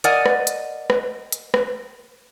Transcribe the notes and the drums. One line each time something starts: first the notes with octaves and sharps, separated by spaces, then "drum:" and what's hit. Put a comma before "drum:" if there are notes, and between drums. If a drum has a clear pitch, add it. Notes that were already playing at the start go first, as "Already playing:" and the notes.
A#4 D5 D#5 F#5 G#5, drum: hi-hat
drum: rim click
drum: hi-hat
drum: rim click
drum: hi-hat
drum: rim click